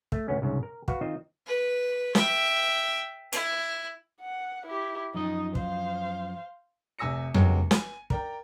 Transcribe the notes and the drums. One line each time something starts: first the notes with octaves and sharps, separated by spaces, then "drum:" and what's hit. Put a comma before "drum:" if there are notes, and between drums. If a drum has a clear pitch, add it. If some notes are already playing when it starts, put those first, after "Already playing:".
A3, drum: kick
D2 A2 B3 C#4
C2 G#2 C#3
A#4
F#4 B4 F5, drum: kick
D#3 C4 D#4 F4 C5 D#5
B4
E5 G5, drum: snare
E4, drum: hi-hat
F#5
E4 G4
F#2 F3 D#4 D#5
C5 F5, drum: kick
F1 C3 G#5 E6 A#6 C#7
G1 F#3 G#3 A#3 G5, drum: tom F2
G#5, drum: snare
A#4 D5 G5 A#5, drum: kick